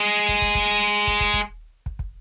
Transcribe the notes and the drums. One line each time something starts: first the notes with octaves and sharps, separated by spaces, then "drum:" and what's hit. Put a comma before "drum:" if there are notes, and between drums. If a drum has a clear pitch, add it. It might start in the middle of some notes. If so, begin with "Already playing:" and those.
Already playing: G#3
drum: kick
drum: kick
drum: kick
drum: kick
drum: kick
drum: kick
drum: kick
drum: kick